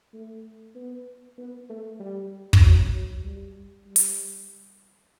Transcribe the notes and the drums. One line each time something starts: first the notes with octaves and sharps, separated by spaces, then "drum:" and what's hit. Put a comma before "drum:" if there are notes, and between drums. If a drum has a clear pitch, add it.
A3
B3
B3
A3
G3
drum: kick
F#3
F#3
G3
G3
drum: hi-hat